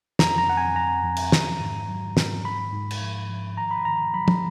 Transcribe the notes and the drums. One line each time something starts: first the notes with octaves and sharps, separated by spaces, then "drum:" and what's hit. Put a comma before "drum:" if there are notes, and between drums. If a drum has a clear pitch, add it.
F2 A#5, drum: snare
A#5
F2 F#5
G#5
F2 A#5
F2
drum: cymbal
D#3, drum: snare
G#2
F#3
G#2, drum: snare
G#2 B5
G#2
drum: cymbal
F3
F3
D#3 A#5
B5
D#3 A#5
F#3 B5
drum: tom